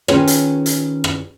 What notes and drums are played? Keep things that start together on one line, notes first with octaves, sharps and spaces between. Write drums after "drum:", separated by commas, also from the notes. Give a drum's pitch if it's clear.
D#3 C#4 F4 G#4 B4 C#5, drum: rim click
drum: hi-hat
drum: hi-hat
drum: rim click